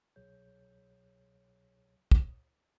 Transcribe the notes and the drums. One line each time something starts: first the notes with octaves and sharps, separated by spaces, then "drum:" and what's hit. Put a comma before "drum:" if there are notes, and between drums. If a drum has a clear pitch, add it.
C2 B2 F#3 G#4 C#5 G6
drum: kick